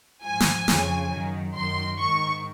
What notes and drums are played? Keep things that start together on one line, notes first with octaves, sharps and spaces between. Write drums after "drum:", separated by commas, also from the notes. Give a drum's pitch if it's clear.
G#2 F3 G#5
drum: snare
F2 C#3 F3, drum: snare
F#2 D#3
F#2 D#3 C6
G#2 D#3 C#6